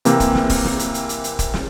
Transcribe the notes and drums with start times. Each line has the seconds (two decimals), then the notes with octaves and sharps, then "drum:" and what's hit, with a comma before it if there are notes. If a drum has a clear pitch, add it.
0.05 C3 E3 A#3 C4, drum: hi-hat
0.20 drum: kick, hi-hat
0.35 drum: snare
0.50 drum: kick, open hi-hat
0.65 drum: snare
0.79 drum: hi-hat
0.94 drum: hi-hat
1.09 drum: hi-hat
1.24 drum: hi-hat
1.39 drum: kick, hi-hat
1.54 drum: snare